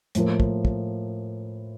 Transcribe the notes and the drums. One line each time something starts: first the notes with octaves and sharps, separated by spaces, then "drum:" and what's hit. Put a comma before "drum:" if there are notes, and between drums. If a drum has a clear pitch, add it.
A2 F3 A#3, drum: hi-hat
drum: kick
drum: kick